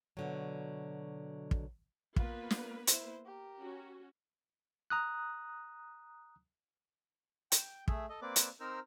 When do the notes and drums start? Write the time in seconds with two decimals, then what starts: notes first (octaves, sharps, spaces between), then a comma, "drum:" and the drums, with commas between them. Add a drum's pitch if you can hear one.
0.17 B2 D3 F#3
1.51 drum: kick
2.16 A#3 B3 F4 B4, drum: kick
2.51 drum: snare
2.87 E4 C5, drum: hi-hat
3.25 G4 A#4
3.60 C#4 F#4
4.90 A#5 D#6 F#6
7.52 G5, drum: hi-hat
7.88 A3 G#4 E5, drum: kick
8.09 A4 D#5
8.22 A#3 C4 B4 D5 D6
8.36 drum: hi-hat
8.60 C4 D#4 A#4 C5 E6 F6